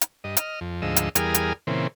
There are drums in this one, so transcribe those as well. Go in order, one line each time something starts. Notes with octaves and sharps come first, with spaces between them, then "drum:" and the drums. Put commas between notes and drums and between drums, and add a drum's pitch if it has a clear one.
drum: hi-hat
G2 D#5
D#5 F6, drum: hi-hat
F2
D2 G#2 F3 D#5 E6
drum: hi-hat
E2 G3 G#4 A#4 D#6 F6, drum: hi-hat
drum: hi-hat
A#2 C#3 E3 C4